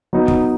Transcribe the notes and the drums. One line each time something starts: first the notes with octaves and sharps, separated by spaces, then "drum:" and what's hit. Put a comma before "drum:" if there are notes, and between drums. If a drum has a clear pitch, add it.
F#3 B3 D#4
drum: kick